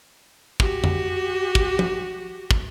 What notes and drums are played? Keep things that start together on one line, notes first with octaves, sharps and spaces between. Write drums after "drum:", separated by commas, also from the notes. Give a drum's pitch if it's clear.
F#4 G4, drum: kick
drum: tom F2
drum: kick
drum: tom
drum: kick